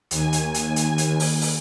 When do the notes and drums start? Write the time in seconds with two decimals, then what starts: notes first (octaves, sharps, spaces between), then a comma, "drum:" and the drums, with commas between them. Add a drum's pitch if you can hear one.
0.11 D#2 G#5, drum: hi-hat
0.33 drum: hi-hat
0.54 drum: hi-hat
0.76 drum: hi-hat
0.98 drum: hi-hat
1.20 drum: open hi-hat
1.41 drum: open hi-hat